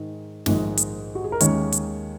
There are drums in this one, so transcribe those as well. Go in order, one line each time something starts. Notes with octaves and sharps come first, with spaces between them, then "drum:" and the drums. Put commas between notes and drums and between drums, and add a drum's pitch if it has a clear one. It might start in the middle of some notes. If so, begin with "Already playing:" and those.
Already playing: G#2 D#3 G#3
A#1 G#2 D#3 G#3, drum: snare
drum: hi-hat
F#4
G#4
A#4
D#2 D#3 G#3 C#4 C#5, drum: hi-hat
drum: hi-hat